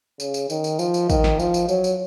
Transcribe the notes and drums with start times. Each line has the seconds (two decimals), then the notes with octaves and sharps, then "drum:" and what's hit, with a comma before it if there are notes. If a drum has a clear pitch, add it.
0.20 C#3, drum: tambourine
0.34 drum: tambourine
0.50 D#3, drum: tambourine
0.64 drum: tambourine
0.79 F3, drum: tambourine
0.94 drum: tambourine
1.10 D#3, drum: kick, tambourine
1.24 drum: snare
1.39 F3, drum: tambourine
1.54 drum: tambourine
1.68 F#3, drum: tambourine
1.84 drum: tambourine